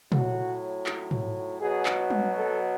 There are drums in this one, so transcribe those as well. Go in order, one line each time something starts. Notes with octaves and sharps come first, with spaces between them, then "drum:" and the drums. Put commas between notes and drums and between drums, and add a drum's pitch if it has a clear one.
A2 F#3 F#4, drum: tom
drum: clap
drum: tom G#2
B2 F#3 G#4
drum: clap
drum: tom
A4